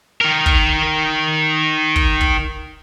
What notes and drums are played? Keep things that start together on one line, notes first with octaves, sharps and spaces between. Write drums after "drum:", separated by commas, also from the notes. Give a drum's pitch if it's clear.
D#3 A#4
drum: kick
drum: kick
drum: kick